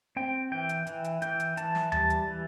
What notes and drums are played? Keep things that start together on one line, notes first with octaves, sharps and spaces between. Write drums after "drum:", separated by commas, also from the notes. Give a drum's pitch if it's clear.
C4 G5
E3 G5
drum: hi-hat
E3, drum: hi-hat
drum: hi-hat
E3 G5, drum: hi-hat
drum: hi-hat
E3 A5, drum: hi-hat
drum: snare
G3 A5, drum: tom D#2
drum: hi-hat
E3